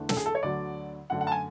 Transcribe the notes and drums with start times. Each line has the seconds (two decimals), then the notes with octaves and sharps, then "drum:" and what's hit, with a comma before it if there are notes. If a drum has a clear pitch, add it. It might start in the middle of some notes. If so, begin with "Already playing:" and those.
Already playing: E2 D3 A3 D4
0.09 A4, drum: snare
0.17 G#4
0.26 A4
0.35 C#5
0.43 D2 D3 F#3 D5
1.10 F#2 D3 A3 D4 F#5
1.21 F#5
1.27 A5
1.32 G#5